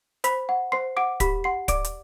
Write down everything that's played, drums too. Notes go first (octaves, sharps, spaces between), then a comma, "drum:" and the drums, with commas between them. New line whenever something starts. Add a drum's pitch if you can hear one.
C5 B5 B6, drum: hi-hat
F#5
C5 C6 C7
F#5 D6 D7
G4 B5 B6, drum: kick, hi-hat
F#5 C6 C7
D5 D6 D7, drum: kick, hi-hat
drum: hi-hat